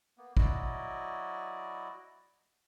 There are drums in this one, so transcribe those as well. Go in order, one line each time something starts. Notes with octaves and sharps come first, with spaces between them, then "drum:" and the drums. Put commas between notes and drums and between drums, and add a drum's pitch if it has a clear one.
A#3 B3
F#3 E4 F#4 D5 D#5, drum: kick